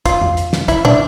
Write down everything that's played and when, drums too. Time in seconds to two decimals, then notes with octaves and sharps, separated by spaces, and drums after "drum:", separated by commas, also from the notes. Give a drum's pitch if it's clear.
0.05 F4, drum: kick, hi-hat
0.21 drum: tom F2
0.37 drum: hi-hat
0.53 drum: snare
0.68 E4, drum: kick, hi-hat
0.85 D4, drum: tom